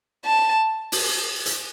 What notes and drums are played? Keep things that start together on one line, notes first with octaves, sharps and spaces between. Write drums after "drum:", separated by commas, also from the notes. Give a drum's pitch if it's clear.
A5
drum: open hi-hat
drum: hi-hat